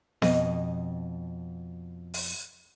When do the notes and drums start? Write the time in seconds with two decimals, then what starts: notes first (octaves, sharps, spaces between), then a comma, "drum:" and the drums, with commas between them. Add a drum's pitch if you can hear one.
0.22 F2 B2 D#5, drum: snare B3
2.14 drum: open hi-hat